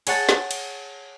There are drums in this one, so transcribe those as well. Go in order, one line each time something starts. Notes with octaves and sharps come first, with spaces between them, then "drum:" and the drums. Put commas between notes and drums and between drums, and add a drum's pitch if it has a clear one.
G#4 C#5 F#5 A5, drum: cymbal
drum: snare
drum: cymbal